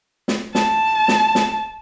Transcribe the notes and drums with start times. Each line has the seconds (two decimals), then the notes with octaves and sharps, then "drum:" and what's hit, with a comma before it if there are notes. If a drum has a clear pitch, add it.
0.28 drum: snare
0.55 A5, drum: snare
1.08 drum: snare
1.35 drum: snare